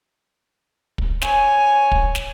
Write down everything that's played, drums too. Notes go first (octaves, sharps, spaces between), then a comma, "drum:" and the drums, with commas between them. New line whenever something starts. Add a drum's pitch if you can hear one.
drum: kick
C#5 G#5, drum: snare
drum: kick
drum: snare